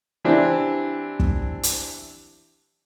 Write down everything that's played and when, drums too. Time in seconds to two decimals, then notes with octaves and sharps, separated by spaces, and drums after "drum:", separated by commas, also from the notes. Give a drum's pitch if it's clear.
0.24 E3 C4 D4 E4 G4
1.20 drum: kick
1.63 drum: hi-hat